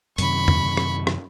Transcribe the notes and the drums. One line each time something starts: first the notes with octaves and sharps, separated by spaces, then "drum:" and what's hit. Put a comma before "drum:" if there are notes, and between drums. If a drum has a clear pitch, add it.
F#2 C3 D#3 B5 C#6, drum: hi-hat
drum: tom
drum: rim click
drum: rim click